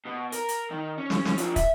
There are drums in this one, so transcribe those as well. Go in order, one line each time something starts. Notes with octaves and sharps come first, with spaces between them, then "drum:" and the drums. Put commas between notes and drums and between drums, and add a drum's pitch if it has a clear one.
B2
A#4, drum: hi-hat
drum: hi-hat
D#3
C#4
drum: snare
drum: snare
F3 D4, drum: hi-hat
E5, drum: kick, hi-hat